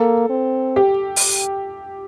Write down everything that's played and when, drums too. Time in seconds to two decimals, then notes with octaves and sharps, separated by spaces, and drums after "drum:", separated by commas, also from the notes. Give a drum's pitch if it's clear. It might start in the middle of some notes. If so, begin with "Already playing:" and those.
Already playing: A#3 A4
0.30 C4
0.76 G4
1.16 drum: open hi-hat